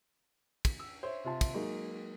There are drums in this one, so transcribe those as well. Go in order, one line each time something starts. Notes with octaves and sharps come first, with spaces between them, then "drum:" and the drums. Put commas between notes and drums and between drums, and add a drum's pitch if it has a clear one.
drum: kick, cymbal
E6
C5 C#5 E5
C3 F4 A5
drum: kick, cymbal
F#3 G#3 A#3 D#4